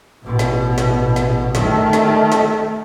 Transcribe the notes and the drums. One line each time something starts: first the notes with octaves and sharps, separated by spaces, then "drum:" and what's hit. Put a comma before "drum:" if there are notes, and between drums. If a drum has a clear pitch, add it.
A1 B2
drum: snare
drum: snare
drum: snare
D#3 A3, drum: snare
drum: snare
drum: snare